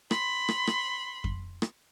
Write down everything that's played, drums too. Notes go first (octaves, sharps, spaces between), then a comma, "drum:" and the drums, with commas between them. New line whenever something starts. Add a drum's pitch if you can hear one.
B5 C6, drum: rim click
drum: rim click
drum: rim click
drum: kick F2
drum: rim click